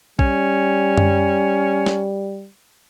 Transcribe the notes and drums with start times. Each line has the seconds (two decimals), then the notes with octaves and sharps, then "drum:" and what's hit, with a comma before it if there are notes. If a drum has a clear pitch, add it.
0.19 G3 C#4, drum: kick
0.97 drum: tom F#2
1.86 drum: snare